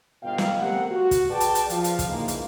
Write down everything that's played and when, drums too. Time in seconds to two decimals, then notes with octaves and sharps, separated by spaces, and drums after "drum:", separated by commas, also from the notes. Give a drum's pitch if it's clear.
0.23 G1 B2 F5 G5
0.38 drum: snare
0.59 A3 B3 C4 G4 A#4 F#5
0.91 F#4
1.11 drum: kick, hi-hat
1.30 G#4 B4 D5 G5 A5
1.40 drum: hi-hat
1.55 drum: hi-hat
1.70 F3 F5, drum: hi-hat
1.84 drum: hi-hat
1.99 drum: kick, hi-hat
2.08 G#2 C#3 E3 G#3 A#3
2.28 drum: hi-hat